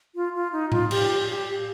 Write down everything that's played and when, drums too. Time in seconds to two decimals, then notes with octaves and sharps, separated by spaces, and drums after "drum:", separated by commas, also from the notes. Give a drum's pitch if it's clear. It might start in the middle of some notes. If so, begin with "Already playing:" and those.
0.15 F4
0.35 F4
0.52 D#4
0.72 F4, drum: tom A2
0.91 G4, drum: cymbal
1.29 G4